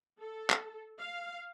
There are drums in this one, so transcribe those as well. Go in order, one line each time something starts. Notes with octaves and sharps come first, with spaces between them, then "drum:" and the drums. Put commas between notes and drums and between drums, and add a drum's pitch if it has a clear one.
A4
drum: clap
F5